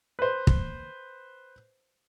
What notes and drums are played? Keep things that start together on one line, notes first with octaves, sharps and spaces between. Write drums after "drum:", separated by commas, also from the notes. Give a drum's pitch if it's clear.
B4 C5
drum: kick